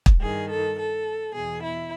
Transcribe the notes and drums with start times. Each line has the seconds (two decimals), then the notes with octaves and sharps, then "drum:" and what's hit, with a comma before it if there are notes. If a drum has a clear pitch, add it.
0.06 drum: kick
0.21 G2 D#3 G#4
0.49 A4
0.77 A4
1.34 E2 B2 G#4
1.62 E4